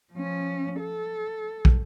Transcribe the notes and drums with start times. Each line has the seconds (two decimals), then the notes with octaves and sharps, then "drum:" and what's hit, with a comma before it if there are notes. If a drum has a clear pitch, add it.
0.13 F3 C#4
0.80 A4
1.65 drum: kick